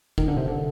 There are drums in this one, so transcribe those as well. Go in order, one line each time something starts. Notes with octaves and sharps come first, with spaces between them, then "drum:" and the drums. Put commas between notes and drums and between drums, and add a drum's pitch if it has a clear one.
D#3, drum: kick
D3
C3
D3